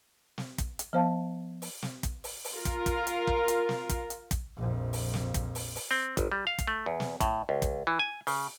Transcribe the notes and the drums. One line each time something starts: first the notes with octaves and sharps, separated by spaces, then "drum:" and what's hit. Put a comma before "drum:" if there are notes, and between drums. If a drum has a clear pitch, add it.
drum: snare
drum: kick, hi-hat
drum: hi-hat
F3 B3 C5 F5 A5
drum: open hi-hat
drum: snare
drum: kick, hi-hat
drum: open hi-hat
drum: open hi-hat
F4 A#4
drum: kick, hi-hat
drum: kick, hi-hat
drum: hi-hat
drum: kick
drum: hi-hat
drum: snare
drum: kick, hi-hat
drum: hi-hat
drum: kick, hi-hat
A#1 F2
drum: open hi-hat
drum: snare
drum: kick, hi-hat
drum: open hi-hat
drum: open hi-hat
C4
G1, drum: kick, hi-hat
G3
F5
drum: kick, hi-hat
A3
E2
drum: snare
A2, drum: kick, hi-hat
C#2
drum: kick, hi-hat
E3
G#5
C#3, drum: open hi-hat